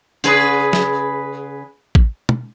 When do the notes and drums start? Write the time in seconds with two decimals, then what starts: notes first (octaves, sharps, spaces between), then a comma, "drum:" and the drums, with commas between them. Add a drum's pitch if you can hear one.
0.24 C#3 G#4 B4, drum: tambourine
0.73 drum: snare
1.95 drum: kick A1
2.29 drum: tom